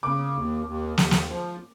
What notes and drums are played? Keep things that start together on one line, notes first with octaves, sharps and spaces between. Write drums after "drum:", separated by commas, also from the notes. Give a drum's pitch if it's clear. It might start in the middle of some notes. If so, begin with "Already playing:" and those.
C#3 D6
D#2
D#2
D#2, drum: snare
drum: snare
F3